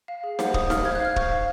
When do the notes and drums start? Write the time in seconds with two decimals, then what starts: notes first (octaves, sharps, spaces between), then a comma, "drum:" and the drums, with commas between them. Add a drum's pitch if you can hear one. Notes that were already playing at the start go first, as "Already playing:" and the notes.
0.08 F5
0.24 G#4
0.39 C5 F#5, drum: snare D#4
0.54 C5 D#6, drum: kick
0.70 F5 F6, drum: snare D#4
0.85 C5 G#6
0.95 F#6
1.00 F5 F6
1.16 C5 C#6, drum: kick
1.31 F5